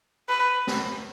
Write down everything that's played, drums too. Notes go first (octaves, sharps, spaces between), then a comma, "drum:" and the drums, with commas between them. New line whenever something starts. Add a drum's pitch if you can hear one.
B4
drum: snare